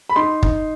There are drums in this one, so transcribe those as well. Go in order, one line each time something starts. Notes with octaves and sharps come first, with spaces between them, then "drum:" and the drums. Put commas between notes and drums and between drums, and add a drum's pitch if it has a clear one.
B5
D#4 C6
D#4, drum: kick